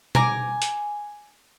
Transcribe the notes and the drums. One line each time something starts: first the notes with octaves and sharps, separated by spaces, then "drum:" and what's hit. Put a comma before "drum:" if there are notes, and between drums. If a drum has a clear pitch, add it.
G#5 A#5 D6, drum: tom
drum: hi-hat